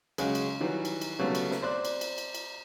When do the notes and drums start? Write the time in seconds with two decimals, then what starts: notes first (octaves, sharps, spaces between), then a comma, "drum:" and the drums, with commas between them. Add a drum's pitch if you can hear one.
0.18 C#3 F#3 G#3, drum: cymbal
0.35 drum: cymbal
0.60 D#3 E3 F#3 G3
0.85 drum: cymbal
1.01 drum: cymbal
1.19 C#3 F#3 G3 A3 B3
1.35 drum: cymbal
1.51 drum: snare
1.62 C4 C5 D5 F#6
1.85 drum: cymbal
2.01 drum: cymbal
2.18 drum: cymbal
2.35 drum: cymbal